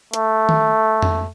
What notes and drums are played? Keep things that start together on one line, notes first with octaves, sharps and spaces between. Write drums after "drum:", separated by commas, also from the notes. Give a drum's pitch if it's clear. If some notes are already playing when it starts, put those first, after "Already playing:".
A3, drum: hi-hat
drum: tom D#3
drum: tom F2